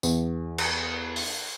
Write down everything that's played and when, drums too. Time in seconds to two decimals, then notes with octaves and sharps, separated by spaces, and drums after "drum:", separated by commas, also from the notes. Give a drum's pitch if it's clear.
0.03 E2, drum: tambourine
0.58 drum: cymbal
1.16 drum: open hi-hat